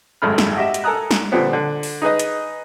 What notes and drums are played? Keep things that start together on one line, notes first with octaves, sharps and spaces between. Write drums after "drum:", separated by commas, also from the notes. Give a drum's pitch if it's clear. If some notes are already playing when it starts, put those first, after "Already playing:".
G#1 F#2 G#3 A3 B5 F6
drum: snare
F#4 G4 D#5 E5
drum: hi-hat
A4 A#4 G#5 A#5 D#6 F#6
drum: snare
A#2 D3 F3 G3 B3 C4
D3
drum: open hi-hat
D#4 G#4 B4 D#5
drum: hi-hat